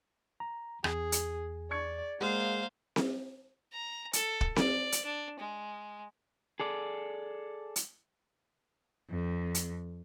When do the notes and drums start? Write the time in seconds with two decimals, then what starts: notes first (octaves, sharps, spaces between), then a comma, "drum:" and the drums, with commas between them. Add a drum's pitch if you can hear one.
0.40 A#5
0.84 E2 G#4, drum: rim click
1.12 drum: hi-hat
1.71 D5 C#6 G#6 C#7
2.21 G#3 A#3 C5 F5 F#5
2.96 drum: snare C4
3.73 A#5
4.13 A4, drum: hi-hat
4.41 drum: kick
4.56 D5, drum: snare C4
4.92 drum: hi-hat
5.05 D4
5.40 G#3
6.60 G#4 A4 D5
7.76 drum: hi-hat
9.10 F2
9.55 drum: hi-hat